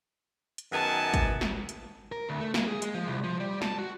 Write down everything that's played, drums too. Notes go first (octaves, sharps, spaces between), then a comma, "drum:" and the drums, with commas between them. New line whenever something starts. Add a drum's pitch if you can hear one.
drum: hi-hat
F#2 D#3 B3 G#5 A5
drum: kick, hi-hat
drum: snare
drum: hi-hat
A#4
D2
A3
A#3, drum: snare
G#4
G#3, drum: hi-hat
F3
C2
F3
G3
A5, drum: snare
F#4